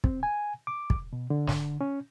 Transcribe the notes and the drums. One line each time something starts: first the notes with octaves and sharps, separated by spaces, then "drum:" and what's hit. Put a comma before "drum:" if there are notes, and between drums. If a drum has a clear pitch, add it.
C4, drum: kick
G#5
D6
drum: kick
B2
D3
drum: snare
C#4